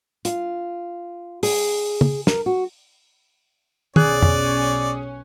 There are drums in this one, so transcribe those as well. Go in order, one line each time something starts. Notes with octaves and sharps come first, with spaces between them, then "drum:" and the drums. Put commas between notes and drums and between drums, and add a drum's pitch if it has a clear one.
F4, drum: hi-hat
G#4, drum: open hi-hat
drum: tom
A#4, drum: snare
F#4
B1 C#4 G#4 D5 F#6, drum: tom
drum: tom F2